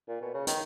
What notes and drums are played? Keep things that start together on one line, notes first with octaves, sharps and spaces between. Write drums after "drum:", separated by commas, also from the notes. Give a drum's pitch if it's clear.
A#2
B2
C#3
D#3, drum: hi-hat